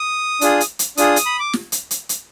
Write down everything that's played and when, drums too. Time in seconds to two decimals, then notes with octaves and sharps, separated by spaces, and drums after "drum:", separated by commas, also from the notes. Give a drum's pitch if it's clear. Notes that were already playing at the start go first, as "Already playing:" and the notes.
Already playing: D#6
0.41 D4 F4 G#4, drum: hi-hat
0.60 drum: hi-hat
0.79 drum: hi-hat
0.97 D4 F4 G#4 D#6, drum: hi-hat
1.16 drum: hi-hat
1.26 B5
1.40 D6
1.53 drum: snare
1.72 drum: hi-hat
1.91 drum: hi-hat
2.09 drum: hi-hat